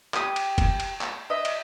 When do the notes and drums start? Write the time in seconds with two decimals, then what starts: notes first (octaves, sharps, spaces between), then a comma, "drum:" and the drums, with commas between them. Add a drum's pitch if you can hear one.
0.14 G4 D#6, drum: clap
0.36 drum: cymbal
0.58 drum: kick F1, cymbal
0.80 drum: cymbal
1.01 drum: clap
1.30 D#5 E5
1.45 drum: cymbal